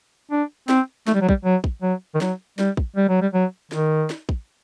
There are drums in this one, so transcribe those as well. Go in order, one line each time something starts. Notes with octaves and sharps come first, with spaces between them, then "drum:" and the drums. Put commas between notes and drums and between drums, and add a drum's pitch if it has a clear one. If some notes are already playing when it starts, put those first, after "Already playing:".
D4
C4, drum: snare
A3, drum: snare
G3
F#3
G3, drum: kick
F#3
drum: kick
F#3
D#3
F#3, drum: snare
G3, drum: snare
drum: kick
G3
F#3
G3
F#3
D#3, drum: snare
drum: snare
drum: kick